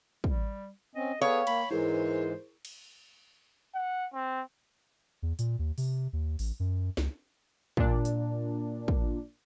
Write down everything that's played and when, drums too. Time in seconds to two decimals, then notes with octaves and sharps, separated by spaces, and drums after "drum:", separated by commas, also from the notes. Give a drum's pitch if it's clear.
0.24 G3, drum: kick
0.95 C4 C#4 D#5
1.21 B3 G#4 A4 B4 C#5 F5 G5
1.47 A#3 B5, drum: cymbal
1.71 G#2 E3 G#3 E4 G#4 A#4 C5
2.65 drum: cymbal
3.75 F#5
4.13 C4
5.23 E2
5.39 A#2, drum: hi-hat
5.59 D#2
5.78 C3, drum: open hi-hat
6.13 D#2
6.39 A1, drum: open hi-hat
6.60 F#2
6.97 C#2, drum: snare
7.77 A#2 D4, drum: kick
8.05 drum: hi-hat
8.88 drum: kick